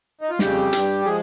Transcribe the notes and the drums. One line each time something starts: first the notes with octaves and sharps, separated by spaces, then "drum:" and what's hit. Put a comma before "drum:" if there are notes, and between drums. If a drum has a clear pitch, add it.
D#4
F4
F2 C#3 G3 G4, drum: snare
G2 G3, drum: hi-hat
F3 G#3 G#4